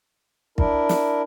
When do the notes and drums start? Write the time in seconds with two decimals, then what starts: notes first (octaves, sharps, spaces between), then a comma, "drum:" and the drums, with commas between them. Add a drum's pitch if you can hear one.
0.58 D4 E4 A#4, drum: kick
0.89 drum: snare